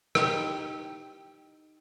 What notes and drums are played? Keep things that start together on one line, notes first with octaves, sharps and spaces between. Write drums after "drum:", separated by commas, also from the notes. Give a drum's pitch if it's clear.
D#4 G4, drum: rim click